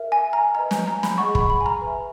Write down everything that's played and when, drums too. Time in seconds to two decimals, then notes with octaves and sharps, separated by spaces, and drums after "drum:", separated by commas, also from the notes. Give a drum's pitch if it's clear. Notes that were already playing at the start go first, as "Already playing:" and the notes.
Already playing: A#4 E5
0.12 G#5
0.33 A#5
0.55 B4 D#5 F#5 A#5
0.71 G#5, drum: snare
0.87 A#5
1.03 B5, drum: snare
1.18 G#4 D#5 F#5 C#6
1.35 B5, drum: kick
1.50 B5
1.61 G#5
1.66 A#5
1.81 B4
1.87 E5